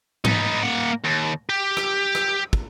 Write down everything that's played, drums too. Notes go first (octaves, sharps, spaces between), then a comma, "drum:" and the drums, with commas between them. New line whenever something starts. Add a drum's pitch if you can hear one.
B3 D#4, drum: tom G#2
A#3 F#5
D#2
G4
drum: rim click
drum: rim click
drum: kick